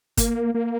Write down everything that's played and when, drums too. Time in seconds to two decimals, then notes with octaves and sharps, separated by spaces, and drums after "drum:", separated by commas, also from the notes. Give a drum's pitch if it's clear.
0.17 A#3, drum: kick G1, hi-hat
0.54 A#3